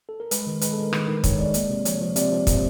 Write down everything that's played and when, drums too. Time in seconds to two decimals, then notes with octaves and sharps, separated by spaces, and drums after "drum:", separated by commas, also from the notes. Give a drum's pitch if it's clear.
0.09 A4
0.20 A#4
0.31 G#3 B4, drum: hi-hat
0.47 D#3
0.61 G#3 B4, drum: hi-hat
0.72 A4
0.78 G#3
0.83 A#4
0.93 D#3 B4, drum: rim click
1.08 D#3
1.24 D#3 C#5, drum: kick, hi-hat
1.38 G#3 D5
1.54 A#3, drum: hi-hat
1.70 C3
1.85 F3 C#5, drum: hi-hat
2.01 F3
2.16 C3 D5, drum: hi-hat
2.32 F3
2.47 C3 C5, drum: kick, hi-hat